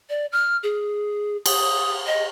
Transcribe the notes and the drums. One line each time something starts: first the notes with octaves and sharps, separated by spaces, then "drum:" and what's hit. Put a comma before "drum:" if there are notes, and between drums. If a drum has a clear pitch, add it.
D5
F6
G#4
D#6, drum: cymbal
D#5